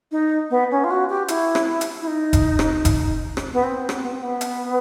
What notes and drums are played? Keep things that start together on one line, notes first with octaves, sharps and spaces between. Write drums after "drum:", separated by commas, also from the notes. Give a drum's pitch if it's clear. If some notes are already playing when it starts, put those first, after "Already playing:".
D#4
B3
C#4
F4
F#4
G4
E4, drum: hi-hat
drum: rim click
drum: hi-hat
E4
D#4
drum: kick F1, hi-hat
drum: rim click
drum: kick F1, hi-hat
drum: rim click
B3
C4
drum: rim click
B3
C4
B3
drum: hi-hat